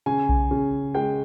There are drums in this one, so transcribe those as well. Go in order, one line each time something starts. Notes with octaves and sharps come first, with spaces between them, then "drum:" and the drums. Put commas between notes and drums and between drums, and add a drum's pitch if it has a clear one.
C#3 G#5
drum: kick B1
C#3
G#3 G5